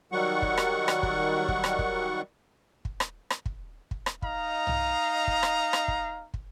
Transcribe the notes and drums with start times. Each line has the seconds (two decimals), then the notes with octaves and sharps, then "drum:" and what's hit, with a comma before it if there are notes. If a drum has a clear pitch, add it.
0.12 D#3 F#3 G3 F#5 C#6
0.42 drum: kick
0.57 drum: rim click
0.88 drum: rim click
1.03 drum: kick
1.48 drum: kick
1.64 drum: rim click
1.79 drum: kick
2.85 drum: kick
3.00 drum: rim click
3.30 drum: rim click
3.46 drum: kick
3.91 drum: kick
4.06 drum: rim click
4.22 D#4 D#5 F5 A#5, drum: kick
4.67 drum: tom
5.28 drum: kick
5.43 drum: rim click
5.73 drum: rim click
5.88 drum: kick
6.34 drum: kick